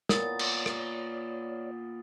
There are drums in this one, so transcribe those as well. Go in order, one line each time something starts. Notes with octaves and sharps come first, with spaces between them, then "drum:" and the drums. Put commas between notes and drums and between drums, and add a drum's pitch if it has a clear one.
A#2 B3 A#4 C#5 D5 D#6 A6, drum: snare
drum: cymbal
drum: rim click